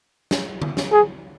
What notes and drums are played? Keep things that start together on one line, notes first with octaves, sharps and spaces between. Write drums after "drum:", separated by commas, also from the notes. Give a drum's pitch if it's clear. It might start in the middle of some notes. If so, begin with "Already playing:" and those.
drum: snare
drum: tom D3
drum: snare
G#4